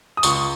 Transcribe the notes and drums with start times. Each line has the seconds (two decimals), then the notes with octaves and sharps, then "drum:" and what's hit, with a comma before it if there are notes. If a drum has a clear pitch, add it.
0.17 D#6
0.23 C#2 C#6, drum: tambourine